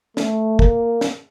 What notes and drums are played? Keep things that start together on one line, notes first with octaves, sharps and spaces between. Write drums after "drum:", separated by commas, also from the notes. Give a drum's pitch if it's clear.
A3, drum: snare
A#3, drum: kick
drum: snare